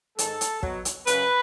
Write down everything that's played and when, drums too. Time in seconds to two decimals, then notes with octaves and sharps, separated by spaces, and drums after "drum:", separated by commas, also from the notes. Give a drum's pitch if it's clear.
0.19 G#2 D#3 G#3 A4, drum: hi-hat
0.41 drum: hi-hat
0.63 B2 F#3, drum: kick
0.85 drum: hi-hat
1.07 F#2 C#3 F#3 B4, drum: hi-hat